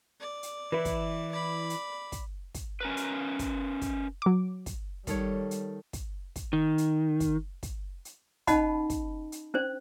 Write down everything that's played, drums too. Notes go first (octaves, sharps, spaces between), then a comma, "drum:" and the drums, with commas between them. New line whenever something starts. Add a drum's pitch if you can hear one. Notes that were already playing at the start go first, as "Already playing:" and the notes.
D5
drum: hi-hat
E3 E4 B4
drum: kick, hi-hat
D5 B5
drum: hi-hat
drum: kick, hi-hat
drum: kick, hi-hat
C#4 A#4 B4
drum: hi-hat
drum: kick, hi-hat
drum: kick, hi-hat
F#3 D6
drum: kick, hi-hat
D#3 G3 A4 C#5, drum: kick, hi-hat
drum: hi-hat
drum: kick, hi-hat
drum: kick, hi-hat
D#3
drum: hi-hat
drum: kick, hi-hat
drum: kick, hi-hat
drum: hi-hat
C#4 D#4 D#5 F#5 A5 B5, drum: kick, hi-hat
drum: kick, hi-hat
drum: hi-hat
C#4 D4 C5